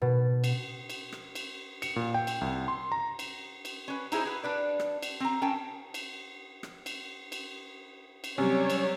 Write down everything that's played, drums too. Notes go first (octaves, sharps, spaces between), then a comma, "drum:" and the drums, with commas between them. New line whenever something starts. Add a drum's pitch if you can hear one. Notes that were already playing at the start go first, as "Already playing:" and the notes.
B2
drum: cymbal
drum: cymbal
drum: rim click
drum: cymbal
C#7, drum: cymbal
A#2
G5
drum: cymbal
C2
C6
A#5
drum: cymbal
drum: cymbal
C#4 B4
D#4 E4 G#4 B4 C5, drum: cymbal
G#4 B4
D4 B4 D5
drum: rim click
drum: cymbal
C4 A#5
C#4 A#4 G5 A5
drum: cymbal
drum: rim click
drum: cymbal
drum: cymbal
drum: cymbal
C3 F#3 G3 C#4 G4 C#5
drum: cymbal